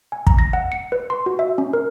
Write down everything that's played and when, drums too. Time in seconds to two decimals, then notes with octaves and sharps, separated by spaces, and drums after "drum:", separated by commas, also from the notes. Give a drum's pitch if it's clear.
0.12 G#5
0.27 A#5, drum: kick
0.39 A#6
0.53 F#5
0.72 C#7
0.92 B4
1.10 C6
1.26 F#4
1.39 E5
1.58 C#4
1.73 A#4